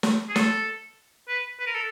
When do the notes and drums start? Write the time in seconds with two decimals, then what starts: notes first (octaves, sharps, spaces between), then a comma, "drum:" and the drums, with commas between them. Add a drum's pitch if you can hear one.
0.03 drum: snare
0.29 G#4
0.36 A4, drum: snare
1.28 B4
1.60 B4
1.67 A#4
1.75 A4